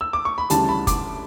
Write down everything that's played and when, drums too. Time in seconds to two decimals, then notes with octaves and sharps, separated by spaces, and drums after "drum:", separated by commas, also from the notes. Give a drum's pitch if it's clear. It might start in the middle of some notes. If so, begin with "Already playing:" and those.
0.01 E6
0.13 D6
0.25 C#6
0.38 B5
0.50 D2 C#3 E3 G3 A5, drum: hi-hat
0.69 B5
0.87 D6, drum: kick F#1, hi-hat